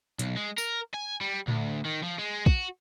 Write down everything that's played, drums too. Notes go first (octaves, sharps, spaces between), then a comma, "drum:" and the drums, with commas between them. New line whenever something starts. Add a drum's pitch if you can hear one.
B1, drum: hi-hat
G#3
A#4, drum: tambourine
G#5
G3
D2, drum: tom A2
D#3
F3
G#3
F#4, drum: kick